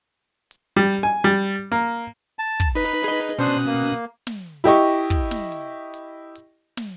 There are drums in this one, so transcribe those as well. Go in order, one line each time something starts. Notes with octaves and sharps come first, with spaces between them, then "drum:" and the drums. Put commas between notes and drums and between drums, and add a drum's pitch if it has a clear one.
drum: hi-hat
G3
drum: hi-hat
G#5
G3
drum: hi-hat
A#3
A5
drum: kick, hi-hat
D#4 B4 B5
G#4 D#5, drum: hi-hat
B2 C#4 D4 C5 D#6 F#6
A#3
drum: hi-hat
drum: snare
E4 G4 D#5 C#6
drum: kick, hi-hat
drum: snare
drum: hi-hat
drum: hi-hat
drum: hi-hat
drum: snare